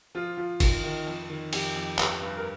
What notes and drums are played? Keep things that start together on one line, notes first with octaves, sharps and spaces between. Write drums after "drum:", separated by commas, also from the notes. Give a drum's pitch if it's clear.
F3 F4
F3
D#3, drum: kick, cymbal
D#3
F2
D#3
F2 G4, drum: cymbal
F2
G2, drum: clap
G2
A#4